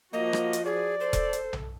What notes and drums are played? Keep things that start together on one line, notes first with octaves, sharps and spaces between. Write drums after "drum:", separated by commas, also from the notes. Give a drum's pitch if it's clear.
F3 A#3 F#4 D#5
drum: rim click
drum: hi-hat
G#4 D5
A4 C5
drum: kick E1, hi-hat
drum: hi-hat
drum: tom B1